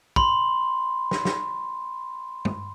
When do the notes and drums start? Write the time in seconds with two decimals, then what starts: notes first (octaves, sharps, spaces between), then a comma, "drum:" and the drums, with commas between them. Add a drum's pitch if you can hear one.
0.16 B5 C6, drum: kick
1.11 drum: snare
1.25 drum: snare
2.45 drum: tom